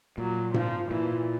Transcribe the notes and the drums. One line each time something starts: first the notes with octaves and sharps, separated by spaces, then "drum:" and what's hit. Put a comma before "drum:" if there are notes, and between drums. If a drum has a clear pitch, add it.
A#2 F#3
F3, drum: tom G#2
A#2 E3